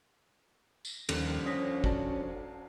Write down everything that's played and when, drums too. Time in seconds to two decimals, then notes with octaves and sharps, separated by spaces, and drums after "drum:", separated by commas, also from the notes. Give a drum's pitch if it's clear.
0.85 drum: tambourine
1.09 D#2 D3 F3 G3 C#4, drum: cymbal
1.46 C#4 D#6 A#6 B6
1.84 F#4 D5 A5, drum: kick